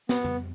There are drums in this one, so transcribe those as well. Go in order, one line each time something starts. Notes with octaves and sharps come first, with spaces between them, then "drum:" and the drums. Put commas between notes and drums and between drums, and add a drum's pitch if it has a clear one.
B3, drum: snare
drum: tom